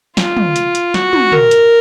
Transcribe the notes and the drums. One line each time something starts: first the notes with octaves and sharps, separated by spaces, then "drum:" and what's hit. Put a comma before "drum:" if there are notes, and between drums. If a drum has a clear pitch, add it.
F4, drum: snare
drum: tom
drum: hi-hat
drum: hi-hat
F#4, drum: snare
drum: tom
A#4, drum: tom
drum: hi-hat